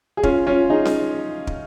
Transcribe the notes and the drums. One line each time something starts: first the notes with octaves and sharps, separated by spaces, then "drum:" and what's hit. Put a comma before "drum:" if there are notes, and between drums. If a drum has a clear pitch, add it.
G#4
C#4 F4, drum: kick
C#4 F4
D#4 G#4
drum: snare C#4
drum: kick